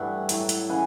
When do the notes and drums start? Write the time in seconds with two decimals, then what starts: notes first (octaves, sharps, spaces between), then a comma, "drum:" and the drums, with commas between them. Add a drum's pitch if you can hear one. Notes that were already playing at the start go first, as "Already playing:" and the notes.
Already playing: G2 E3 A3 E5 F#5
0.29 A2 F#3 A3, drum: hi-hat
0.49 drum: hi-hat
0.69 C#3 E3 F#5 G#5